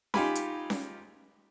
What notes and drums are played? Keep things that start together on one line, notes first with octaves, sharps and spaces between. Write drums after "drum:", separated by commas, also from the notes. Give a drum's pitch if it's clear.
D#4 F4 G4 G#5 B5, drum: snare C#4
drum: hi-hat
drum: snare C#4